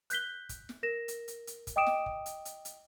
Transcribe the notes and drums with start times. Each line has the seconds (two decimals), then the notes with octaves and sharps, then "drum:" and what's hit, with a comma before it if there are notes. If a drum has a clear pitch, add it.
0.10 F#6 G6 B6 G7, drum: hi-hat
0.49 drum: kick, hi-hat
0.69 drum: snare
0.83 A#4 A#6 E7
1.08 drum: hi-hat
1.28 drum: hi-hat
1.47 drum: hi-hat
1.67 drum: kick, hi-hat
1.76 D#5 G5 D6 D#6 D7 E7
1.86 drum: snare
2.06 drum: kick
2.26 drum: hi-hat
2.45 drum: hi-hat
2.65 drum: hi-hat